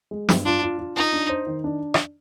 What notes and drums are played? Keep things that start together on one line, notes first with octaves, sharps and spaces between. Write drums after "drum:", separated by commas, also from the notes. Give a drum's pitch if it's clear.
G#3
G2, drum: snare
D4 F4
F4
F4
D#4 F4
D4
C5
D#3
D4
drum: rim click